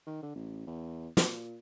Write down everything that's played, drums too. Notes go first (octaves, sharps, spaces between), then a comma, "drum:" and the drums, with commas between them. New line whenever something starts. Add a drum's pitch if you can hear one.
D#3
D3
A1
E2
A#2, drum: snare